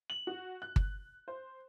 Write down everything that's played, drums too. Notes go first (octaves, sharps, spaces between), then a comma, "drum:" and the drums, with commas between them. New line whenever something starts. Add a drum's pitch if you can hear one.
F#7
F#4
F#6
drum: kick G1
C5